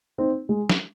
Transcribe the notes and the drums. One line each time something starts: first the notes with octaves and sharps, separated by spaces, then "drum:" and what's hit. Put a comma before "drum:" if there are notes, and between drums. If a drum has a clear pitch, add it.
C4 D#4
G#3
drum: snare